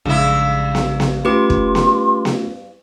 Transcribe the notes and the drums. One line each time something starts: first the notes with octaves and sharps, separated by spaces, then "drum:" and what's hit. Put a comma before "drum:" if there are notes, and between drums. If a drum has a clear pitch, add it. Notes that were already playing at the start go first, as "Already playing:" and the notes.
A#1 G2 C#3 G#3 E4
drum: snare B3
drum: snare B3
A3 C#4 F4 G4 B4 C6 D6
drum: kick
drum: snare B3
drum: snare B3